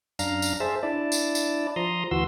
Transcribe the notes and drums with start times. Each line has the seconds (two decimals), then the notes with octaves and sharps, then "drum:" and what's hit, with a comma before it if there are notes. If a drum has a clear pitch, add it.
0.19 F#2 D4 F5 A#5, drum: tambourine
0.42 drum: tambourine
0.60 G#4 C5 E5 A5
0.83 D4 E4 D5 A5
1.12 drum: tambourine
1.35 drum: tambourine
1.76 F3 A#5 C6 D#6
2.11 D2 E3 F#4 C6 E6